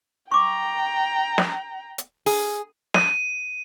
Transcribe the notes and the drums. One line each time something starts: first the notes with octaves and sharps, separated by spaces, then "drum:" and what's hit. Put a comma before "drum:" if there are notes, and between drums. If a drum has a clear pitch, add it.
G5 A#5 C#6 D6
drum: snare
drum: hi-hat
G#4, drum: open hi-hat
D#7, drum: snare